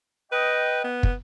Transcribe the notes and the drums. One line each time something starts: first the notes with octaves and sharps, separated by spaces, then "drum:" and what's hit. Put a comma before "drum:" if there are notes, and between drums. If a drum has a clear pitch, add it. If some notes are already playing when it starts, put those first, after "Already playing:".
B4 D#5 G5
B3
drum: kick